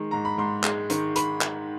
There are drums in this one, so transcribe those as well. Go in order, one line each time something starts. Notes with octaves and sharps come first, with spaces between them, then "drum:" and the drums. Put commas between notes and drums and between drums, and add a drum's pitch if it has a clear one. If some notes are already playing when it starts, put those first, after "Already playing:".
Already playing: D#3 G#3
G#2 A#5
B5
G#2 C6
G#3, drum: clap
D#3, drum: hi-hat
B5, drum: hi-hat
drum: clap